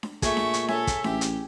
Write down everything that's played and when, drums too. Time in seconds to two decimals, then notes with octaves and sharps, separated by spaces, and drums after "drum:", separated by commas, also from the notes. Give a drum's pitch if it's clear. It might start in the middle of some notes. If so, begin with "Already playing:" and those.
0.03 drum: snare D4
0.22 A#2 A3 G#4 E5 C#6, drum: kick, hi-hat
0.37 drum: snare D4
0.54 drum: hi-hat
0.68 A4 C#5 E5 G#5, drum: snare D4
0.87 drum: kick, hi-hat
1.04 A1 G4, drum: snare D4
1.21 drum: hi-hat